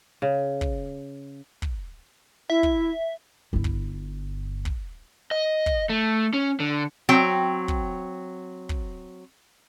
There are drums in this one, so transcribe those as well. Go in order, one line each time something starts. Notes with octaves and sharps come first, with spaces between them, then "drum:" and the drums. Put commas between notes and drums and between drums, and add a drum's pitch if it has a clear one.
C#3
drum: kick
drum: kick
E4 E5
drum: kick
G1 E4
drum: kick
drum: kick
D#5
drum: kick
A3
C#4
D3
F#3 C4 G5
drum: kick
drum: kick